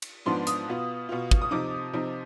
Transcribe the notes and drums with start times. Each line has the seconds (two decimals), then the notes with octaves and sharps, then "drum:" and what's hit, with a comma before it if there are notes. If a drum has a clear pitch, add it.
0.02 drum: cymbal
0.26 G#2 F3 B3 D4 C6
0.47 D#6, drum: hi-hat
0.68 B2 B3 F4
1.09 B2 B3 F4
1.31 drum: kick
1.42 D#6
1.51 C3 F3 C4 D#4 D6
1.93 C3 F3 C4 D#4